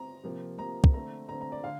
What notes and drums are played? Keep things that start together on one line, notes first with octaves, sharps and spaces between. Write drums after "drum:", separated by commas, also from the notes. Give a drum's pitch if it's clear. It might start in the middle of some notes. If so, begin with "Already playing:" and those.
Already playing: C4 A#5
C3 F3 A#3
C3 F3 A#3 A#5
drum: kick
D3 A3 C4 A#5
D3 A3 C4 A#5
A#5
D5
D3 F5